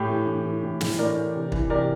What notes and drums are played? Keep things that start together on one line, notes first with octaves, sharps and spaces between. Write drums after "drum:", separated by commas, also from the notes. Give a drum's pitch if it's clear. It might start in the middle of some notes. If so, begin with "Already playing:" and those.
Already playing: A2 G4
E3
A2
E3
A2
E3, drum: snare
A2 A#4 D5
E3
C3
E3, drum: kick
C3 A#4 D5